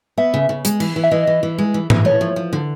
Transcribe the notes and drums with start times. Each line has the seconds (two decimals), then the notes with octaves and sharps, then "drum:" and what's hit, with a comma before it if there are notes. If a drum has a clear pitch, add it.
0.18 B3 E5
0.34 C#3
0.49 C#3
0.65 G#3, drum: hi-hat
0.80 E3, drum: cymbal
0.96 E3
1.04 E5
1.11 E3 D#5
1.27 E3
1.43 E3
1.58 G#3
1.74 E3
1.90 E3, drum: tom G#2
2.05 A3 C#5
2.21 F3
2.36 F3
2.53 D3